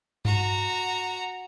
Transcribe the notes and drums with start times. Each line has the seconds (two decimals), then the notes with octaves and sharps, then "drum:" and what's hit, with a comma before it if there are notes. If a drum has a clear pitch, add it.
0.25 F#4 A#5, drum: tom G2